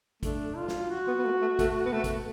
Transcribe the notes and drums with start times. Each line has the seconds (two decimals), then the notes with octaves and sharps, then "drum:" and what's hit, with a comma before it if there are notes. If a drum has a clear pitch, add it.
0.23 A3 D4, drum: kick, hi-hat
0.57 F4
0.68 drum: snare
0.91 F#4
1.08 B3
1.19 B3
1.25 A3
1.41 A3
1.59 A3, drum: kick, hi-hat
1.86 B3
1.93 A3
2.04 drum: kick, hi-hat